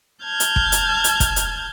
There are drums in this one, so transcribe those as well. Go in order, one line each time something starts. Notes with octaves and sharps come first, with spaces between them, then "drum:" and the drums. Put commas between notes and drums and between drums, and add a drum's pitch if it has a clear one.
A5 F6 G6 G#6
drum: hi-hat
drum: kick
drum: hi-hat
drum: hi-hat
drum: kick, hi-hat
drum: hi-hat